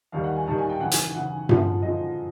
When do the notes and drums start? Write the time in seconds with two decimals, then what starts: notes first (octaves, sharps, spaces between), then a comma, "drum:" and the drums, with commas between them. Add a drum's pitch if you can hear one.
0.12 D#2 D#3 G3 F5
0.24 F#5
0.36 G#5
0.46 D#2 D#3 G3 A5
0.58 G#5
0.69 G5
0.80 F#2 C#3 E3 F#5
0.91 G#5, drum: hi-hat
1.15 F#2 C#3 E3 F#5
1.49 F#2 D3 F3 G#3, drum: tom G2
1.82 F#2 D3 F3 G#3 D#5